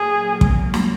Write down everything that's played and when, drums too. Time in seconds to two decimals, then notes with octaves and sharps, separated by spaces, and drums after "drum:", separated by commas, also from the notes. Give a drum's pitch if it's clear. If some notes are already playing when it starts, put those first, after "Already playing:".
Already playing: A#2 F#3 A#3 G#4
0.41 drum: kick
0.74 drum: snare